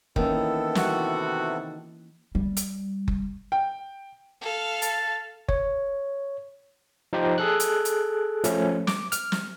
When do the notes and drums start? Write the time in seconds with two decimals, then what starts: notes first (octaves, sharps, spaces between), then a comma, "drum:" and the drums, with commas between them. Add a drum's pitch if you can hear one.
0.16 D#3 E3 A#3 B3 C#4 E4 A4, drum: kick F#1
0.75 C3 E3 F#4, drum: snare
2.35 G3
2.57 drum: hi-hat
3.08 drum: kick F#1
3.52 G5
4.42 A4 F5
4.82 A5, drum: hi-hat
5.49 C#5, drum: kick F#1
7.13 F3 D#4 G4 C5
7.38 G#4 A4 F#6
7.60 drum: hi-hat
7.85 drum: hi-hat
8.44 F3 A3 C#4, drum: hi-hat
8.87 D6, drum: snare
9.12 F6, drum: hi-hat
9.32 drum: snare